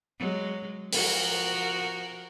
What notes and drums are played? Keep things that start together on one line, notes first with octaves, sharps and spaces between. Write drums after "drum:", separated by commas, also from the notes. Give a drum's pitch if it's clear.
F#3 G#3
F3 F#4 A#4, drum: open hi-hat